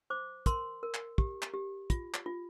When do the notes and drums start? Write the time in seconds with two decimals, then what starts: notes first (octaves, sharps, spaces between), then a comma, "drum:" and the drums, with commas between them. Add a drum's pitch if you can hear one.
0.10 C5 D6
0.46 A#4 C6, drum: kick, hi-hat
0.83 A#4
0.94 drum: clap
1.18 G4, drum: kick
1.42 drum: clap
1.54 G4
1.90 F4, drum: kick, hi-hat
2.14 drum: clap
2.26 F4